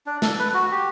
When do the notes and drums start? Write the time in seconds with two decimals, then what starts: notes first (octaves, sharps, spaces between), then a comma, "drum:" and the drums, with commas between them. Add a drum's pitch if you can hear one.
0.06 D4
0.22 A4, drum: snare
0.39 B4
0.54 F#4
0.71 G4